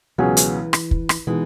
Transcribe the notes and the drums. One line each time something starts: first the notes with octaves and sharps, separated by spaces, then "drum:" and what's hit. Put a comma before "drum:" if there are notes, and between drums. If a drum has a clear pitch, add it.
C#2 B2 E3 F#3 C#4 G#4
drum: hi-hat
drum: rim click
drum: kick
drum: rim click
B2 E3 G#3 D#4